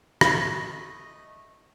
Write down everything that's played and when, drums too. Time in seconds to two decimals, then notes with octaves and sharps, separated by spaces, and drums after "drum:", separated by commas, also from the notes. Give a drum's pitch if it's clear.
0.21 A3 D#5, drum: rim click